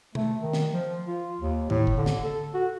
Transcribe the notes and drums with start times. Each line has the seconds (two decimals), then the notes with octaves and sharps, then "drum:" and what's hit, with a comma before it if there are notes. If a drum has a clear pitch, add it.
0.15 A3, drum: tom B2
0.42 D#3
0.53 drum: snare
0.73 F3
1.07 F4
1.41 D#2
1.70 A2, drum: tom D#3
1.87 drum: kick
1.97 D3
2.06 drum: snare
2.23 A4
2.54 F#4